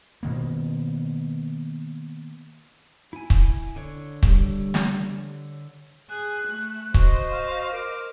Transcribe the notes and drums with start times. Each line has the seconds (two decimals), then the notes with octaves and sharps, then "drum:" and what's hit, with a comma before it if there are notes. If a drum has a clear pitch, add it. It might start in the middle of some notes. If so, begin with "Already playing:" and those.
0.23 B2 D#3 A#3
3.13 E4 G#5
3.30 drum: kick
3.76 D3 C#5
4.23 G3, drum: kick
4.74 drum: snare
6.10 G#4 F#6
6.47 A3
6.94 F#4 C5 D#5, drum: kick
7.31 F5
7.72 A#4 D6